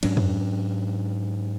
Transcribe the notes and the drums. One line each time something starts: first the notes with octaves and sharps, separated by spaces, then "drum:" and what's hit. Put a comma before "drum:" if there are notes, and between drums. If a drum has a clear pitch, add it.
G#2 F#3 C#4 D4, drum: cymbal
drum: tom F2